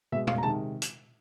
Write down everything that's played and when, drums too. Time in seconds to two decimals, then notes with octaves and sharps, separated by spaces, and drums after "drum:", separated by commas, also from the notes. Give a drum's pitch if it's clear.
0.12 B2 G#3 E5
0.27 F5, drum: tom A#2
0.38 A#5
0.43 C3 D#3 G#3 A5
0.82 drum: hi-hat